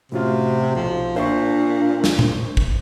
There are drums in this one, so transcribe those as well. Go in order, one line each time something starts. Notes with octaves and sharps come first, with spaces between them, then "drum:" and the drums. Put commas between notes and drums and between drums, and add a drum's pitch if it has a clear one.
A2 C3 C#4 F4 F#4
B1 F3
A#2 D4 C5 E5 C#6
drum: snare
drum: tom A#2
drum: kick